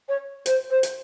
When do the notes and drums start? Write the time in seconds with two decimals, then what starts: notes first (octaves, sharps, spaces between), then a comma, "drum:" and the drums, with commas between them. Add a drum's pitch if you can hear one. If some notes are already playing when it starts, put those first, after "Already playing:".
0.09 C#5
0.46 C5, drum: hi-hat
0.70 C5
0.83 drum: hi-hat